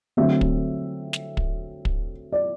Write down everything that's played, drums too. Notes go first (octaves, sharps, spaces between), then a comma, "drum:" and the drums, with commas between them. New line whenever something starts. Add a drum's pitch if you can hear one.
D3 F#3 A3 C4 E5
drum: kick
drum: snare
drum: kick
drum: kick
D5